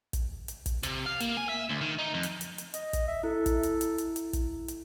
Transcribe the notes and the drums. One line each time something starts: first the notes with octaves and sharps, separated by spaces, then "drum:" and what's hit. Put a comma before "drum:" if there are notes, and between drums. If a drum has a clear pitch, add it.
drum: kick, hi-hat
drum: hi-hat
drum: kick, hi-hat
C3, drum: hi-hat
F5
A#3, drum: hi-hat
G#5
E5
D2
D#3
D#4
F2
drum: hi-hat
drum: hi-hat
drum: hi-hat
D#5, drum: hi-hat
drum: kick, hi-hat
E5
E4 A4
drum: kick, hi-hat
drum: hi-hat
drum: hi-hat
drum: hi-hat
drum: hi-hat
drum: kick, hi-hat
drum: hi-hat